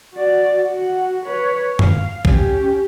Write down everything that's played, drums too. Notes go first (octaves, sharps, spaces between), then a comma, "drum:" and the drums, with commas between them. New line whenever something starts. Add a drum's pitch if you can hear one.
F#4 D5
F#4 F#5
B4 C#5
F5, drum: tom F#2
C#4 G4, drum: kick A#1